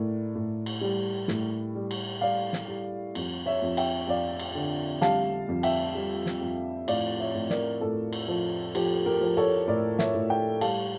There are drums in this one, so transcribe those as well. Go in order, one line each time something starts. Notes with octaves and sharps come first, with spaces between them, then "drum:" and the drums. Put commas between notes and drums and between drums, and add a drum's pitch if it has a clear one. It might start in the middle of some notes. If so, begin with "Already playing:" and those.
Already playing: A2 A#4 D5
A2
drum: cymbal
G3
A2, drum: snare
G3
drum: cymbal
G3 D5 F5
drum: snare
G3
F2, drum: cymbal
C#5 E5
F2
E5 G5, drum: cymbal
F2 D5 F5
drum: cymbal
D3
G3 F5 A5, drum: snare
F2
E5 G5, drum: cymbal
G3
drum: snare
F2
A2 D5 F5, drum: cymbal
C#5 E5
A2
A#4 D5, drum: snare
A2 A4
drum: cymbal
F3
F3 G4, drum: cymbal
G4 A#4
F3
A4 C#5
A2 A#4 D5
C#5 E5, drum: snare
A2
E5 G5
G3 F5 A5, drum: cymbal